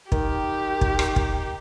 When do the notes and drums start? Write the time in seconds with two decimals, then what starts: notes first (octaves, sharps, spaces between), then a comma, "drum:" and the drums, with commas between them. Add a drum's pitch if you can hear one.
0.12 D#3 G4, drum: kick
0.81 drum: kick
0.99 drum: rim click
1.16 drum: kick